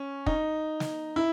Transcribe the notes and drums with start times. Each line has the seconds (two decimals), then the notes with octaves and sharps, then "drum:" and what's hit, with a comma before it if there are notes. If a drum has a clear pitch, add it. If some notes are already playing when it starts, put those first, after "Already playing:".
Already playing: C#4
0.26 D#4, drum: kick
0.80 drum: snare
1.16 E4